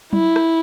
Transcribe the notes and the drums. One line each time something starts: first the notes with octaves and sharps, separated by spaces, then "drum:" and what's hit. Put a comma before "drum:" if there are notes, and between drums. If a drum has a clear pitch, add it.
E4, drum: tom F#3
drum: rim click